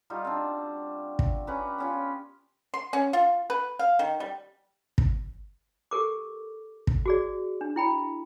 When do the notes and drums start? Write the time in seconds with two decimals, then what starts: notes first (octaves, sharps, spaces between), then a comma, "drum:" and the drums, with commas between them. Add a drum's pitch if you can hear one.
0.10 G3 D#4 F4 F#4
0.25 C4 D4
1.19 drum: kick
1.47 C#4 G4 B4 A#5
1.78 B3 C#4 F4
2.74 C6
2.93 C#4
3.13 F4
3.50 B4
3.79 F5
3.99 D#3
4.20 G3
4.98 drum: kick
5.91 G4 A4 A#4 D6
6.87 drum: kick
7.06 F#4 G#4 D5
7.61 D4
7.76 E4 G5 B5